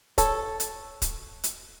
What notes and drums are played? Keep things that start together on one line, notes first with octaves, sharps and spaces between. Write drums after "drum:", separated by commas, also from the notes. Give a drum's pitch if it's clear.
A4 C#5, drum: kick D1, hi-hat
drum: hi-hat
drum: kick D1, hi-hat
drum: hi-hat